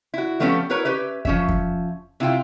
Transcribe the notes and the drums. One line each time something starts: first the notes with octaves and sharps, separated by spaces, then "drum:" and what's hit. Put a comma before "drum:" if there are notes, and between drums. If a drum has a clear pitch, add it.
E4 F#4
F3 A3 B3 C#4 E4 G4
E4 F#4 A#4 B4 C#5
C#4 G4 B4 E5
F3 C#4 E5, drum: kick F2
drum: kick F2
C3 E4 F4 G5